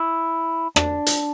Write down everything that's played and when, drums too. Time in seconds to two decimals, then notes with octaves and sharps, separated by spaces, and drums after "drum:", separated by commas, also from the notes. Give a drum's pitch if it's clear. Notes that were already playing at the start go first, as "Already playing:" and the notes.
Already playing: E4
0.76 D4, drum: rim click
1.07 drum: hi-hat